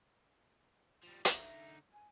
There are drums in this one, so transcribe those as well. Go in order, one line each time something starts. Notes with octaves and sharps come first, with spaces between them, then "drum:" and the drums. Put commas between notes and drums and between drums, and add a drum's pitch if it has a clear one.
F3 G3
D3 D#4 E5, drum: hi-hat
G#5